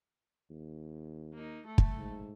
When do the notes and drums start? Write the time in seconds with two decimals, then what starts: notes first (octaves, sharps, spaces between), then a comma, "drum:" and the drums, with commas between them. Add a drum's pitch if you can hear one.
0.50 D#2
1.34 A#3 D#4
1.67 A3 A4
1.78 drum: kick
1.97 G#2